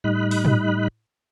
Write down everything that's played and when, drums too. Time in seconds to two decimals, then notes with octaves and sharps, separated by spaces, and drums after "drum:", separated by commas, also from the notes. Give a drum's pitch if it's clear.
0.04 A2 G3 D#4 D#5 B5 F#6
0.31 drum: open hi-hat
0.45 drum: tom